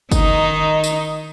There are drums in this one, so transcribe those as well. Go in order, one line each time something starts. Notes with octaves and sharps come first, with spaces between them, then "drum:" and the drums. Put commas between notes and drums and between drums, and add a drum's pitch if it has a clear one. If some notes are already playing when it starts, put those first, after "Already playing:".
D#3 D#4, drum: kick, tambourine
drum: tambourine